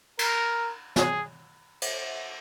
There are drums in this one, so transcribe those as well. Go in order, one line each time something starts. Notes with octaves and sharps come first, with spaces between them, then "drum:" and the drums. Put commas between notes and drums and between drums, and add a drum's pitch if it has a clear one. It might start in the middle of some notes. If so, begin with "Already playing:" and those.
A#4, drum: cymbal
G#4, drum: snare
drum: cymbal